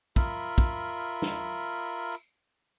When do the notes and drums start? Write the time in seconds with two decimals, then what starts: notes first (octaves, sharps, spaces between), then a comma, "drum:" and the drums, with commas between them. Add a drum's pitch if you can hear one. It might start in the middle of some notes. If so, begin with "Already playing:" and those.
0.16 F4 A#4 E5 B5, drum: kick
0.58 drum: kick
1.22 drum: snare
2.12 drum: tambourine